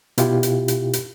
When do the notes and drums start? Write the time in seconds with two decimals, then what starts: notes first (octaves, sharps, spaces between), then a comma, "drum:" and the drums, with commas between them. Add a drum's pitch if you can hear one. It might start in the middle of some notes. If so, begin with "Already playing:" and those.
0.18 B2 E4 F4 G4, drum: hi-hat
0.43 drum: hi-hat
0.68 drum: hi-hat
0.93 drum: hi-hat